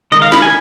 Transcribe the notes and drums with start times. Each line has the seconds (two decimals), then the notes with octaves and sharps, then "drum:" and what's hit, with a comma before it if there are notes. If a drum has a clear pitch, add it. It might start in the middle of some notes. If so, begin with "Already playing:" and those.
0.12 D#3 G#3 D#4 D#5
0.22 F5
0.32 B5, drum: snare
0.42 G#5